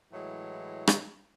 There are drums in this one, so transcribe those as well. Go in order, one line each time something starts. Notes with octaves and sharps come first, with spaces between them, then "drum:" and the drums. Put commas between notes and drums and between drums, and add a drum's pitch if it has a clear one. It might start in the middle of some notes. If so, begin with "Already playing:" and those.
A2 E3 F#3 G#3
drum: rim click